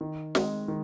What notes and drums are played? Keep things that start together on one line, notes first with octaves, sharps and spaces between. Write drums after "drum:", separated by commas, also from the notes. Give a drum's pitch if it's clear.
D#3
G#3 C4 D#4, drum: snare
D#3